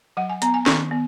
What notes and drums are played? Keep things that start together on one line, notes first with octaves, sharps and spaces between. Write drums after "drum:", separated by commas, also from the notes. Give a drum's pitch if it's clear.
F#3 F#5
G#5
B3 A#5, drum: hi-hat
G#5
D#3, drum: snare
B3